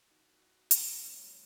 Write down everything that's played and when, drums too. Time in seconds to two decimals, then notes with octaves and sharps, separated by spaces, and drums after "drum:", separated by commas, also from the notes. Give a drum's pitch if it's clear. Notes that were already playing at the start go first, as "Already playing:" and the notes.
0.10 D#4 F#4
0.36 D#4 F#4
0.71 drum: hi-hat
0.88 C#4 F4
1.05 F#3 A#3
1.22 F3 G#3